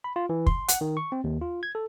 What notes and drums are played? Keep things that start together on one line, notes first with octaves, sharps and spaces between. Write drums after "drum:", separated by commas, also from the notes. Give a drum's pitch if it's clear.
B5
F4
E3
C6, drum: kick
F#5, drum: hi-hat
D#3
C#6
C4
D#2
F4
G#6
A4